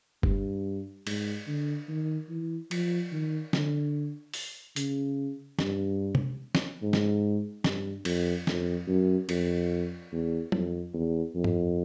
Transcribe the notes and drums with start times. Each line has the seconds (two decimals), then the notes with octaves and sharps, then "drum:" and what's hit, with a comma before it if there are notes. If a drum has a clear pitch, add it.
0.23 G2, drum: kick
1.07 G#2, drum: cymbal
1.47 D3
1.89 D#3
2.30 E3
2.71 F3, drum: cymbal
3.12 D#3
3.53 D3, drum: snare
4.34 drum: open hi-hat
4.76 C#3, drum: hi-hat
5.59 G2, drum: snare
6.15 drum: tom C3
6.55 drum: snare
6.82 G#2
6.93 drum: snare
7.64 G2, drum: snare
8.05 F2, drum: cymbal
8.47 F2, drum: snare
8.88 F#2
9.29 F2, drum: cymbal
10.12 E2
10.52 F2, drum: tom
10.94 E2
11.35 F2
11.44 drum: tom